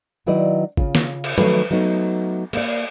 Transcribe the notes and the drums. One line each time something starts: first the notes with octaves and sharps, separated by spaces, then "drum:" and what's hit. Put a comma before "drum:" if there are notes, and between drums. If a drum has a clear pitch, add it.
D#3 F#3 E4 B4 D5 D#5
C#3 F4, drum: kick
drum: snare
drum: cymbal
D#3 F#3 A3 B4, drum: tom F3
F#3 A3 B3 D#4
A#3 D5, drum: cymbal